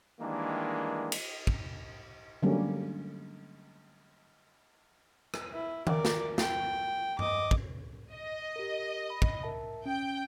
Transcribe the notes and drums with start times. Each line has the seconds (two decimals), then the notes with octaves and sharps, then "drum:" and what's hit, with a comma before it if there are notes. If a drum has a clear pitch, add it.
0.20 D#3 E3 G3 G#3 A#3 D4
1.12 drum: cymbal
1.47 drum: kick
2.42 D3 F#3 G3 A3 A#3 C#4
5.34 drum: rim click
5.53 E4
5.87 A#4 D5, drum: tom D#3
6.05 drum: snare
6.38 G5, drum: snare
7.19 D#5 D6, drum: tom G2
7.51 drum: kick
8.13 D#5
8.56 G4 A#4
9.10 B5
9.22 drum: kick
9.43 A#4 E5 A5
9.86 C#4 G5